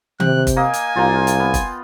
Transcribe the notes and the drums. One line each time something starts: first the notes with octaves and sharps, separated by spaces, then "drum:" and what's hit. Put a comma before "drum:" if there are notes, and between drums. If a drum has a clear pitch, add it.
C3 G5 F#6, drum: tom D#3
drum: kick, hi-hat
A#3 D#5 G#5
drum: hi-hat
C2 F4 G5 A#5
drum: hi-hat
B3
drum: kick, hi-hat